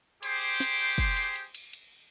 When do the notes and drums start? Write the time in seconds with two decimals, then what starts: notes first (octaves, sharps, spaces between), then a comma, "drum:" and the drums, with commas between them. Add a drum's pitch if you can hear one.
0.23 G4 G#4 C5 C6 D6, drum: cymbal
0.41 drum: cymbal
0.60 drum: snare
0.79 drum: cymbal
0.98 drum: kick, cymbal
1.17 drum: cymbal
1.36 drum: cymbal
1.54 drum: cymbal
1.73 drum: cymbal